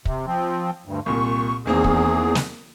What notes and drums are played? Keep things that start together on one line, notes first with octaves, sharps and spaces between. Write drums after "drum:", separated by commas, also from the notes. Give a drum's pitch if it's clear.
C3, drum: kick
F3 C4
D2 G2
C2 A#2 C#6
E2 D#3 A#3 C4 G#4
drum: kick
drum: snare